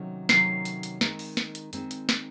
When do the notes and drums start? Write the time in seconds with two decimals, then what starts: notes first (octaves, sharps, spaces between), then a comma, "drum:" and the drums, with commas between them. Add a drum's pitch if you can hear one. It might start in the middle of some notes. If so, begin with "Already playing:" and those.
Already playing: C3 D#3 F#3 A3 C#4
0.29 C3 D#3 F#3 A3 C#4 C7, drum: snare
0.65 drum: hi-hat
0.83 drum: hi-hat
1.01 D#3 G#3 C4, drum: snare
1.19 drum: open hi-hat
1.37 drum: snare
1.55 drum: hi-hat
1.73 D#3 G#3 C4, drum: hi-hat
1.91 drum: hi-hat
2.09 drum: snare